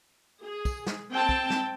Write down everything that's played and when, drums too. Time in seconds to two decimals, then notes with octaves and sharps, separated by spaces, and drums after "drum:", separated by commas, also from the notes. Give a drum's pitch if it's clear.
0.44 G#4
0.65 drum: kick, tambourine
0.87 drum: snare
1.13 C4 G5 A5
1.29 drum: kick
1.50 drum: snare